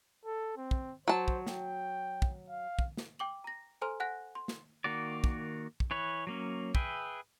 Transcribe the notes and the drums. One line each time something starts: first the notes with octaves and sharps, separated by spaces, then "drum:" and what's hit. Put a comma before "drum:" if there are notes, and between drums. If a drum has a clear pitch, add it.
A4
C4
drum: kick
F#3 C5 A5
drum: kick
G5, drum: snare
drum: kick
F5
drum: kick
drum: snare
G5 D6 F#7
A#5 A#6
A4 C5 G#5 A#5 C6 F6
F#5 G#5 F#6 A#6
C6
drum: snare
D#3 A#3 F#4 D5
drum: kick
drum: kick
E3 B4 C#5
F#3 A#3 C#4
G#4 B4 E5 G5, drum: kick